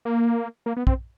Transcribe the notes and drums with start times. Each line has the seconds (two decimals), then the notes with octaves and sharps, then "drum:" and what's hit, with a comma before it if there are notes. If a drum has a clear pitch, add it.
0.05 A#3
0.66 A#3
0.76 B3
0.87 C4, drum: kick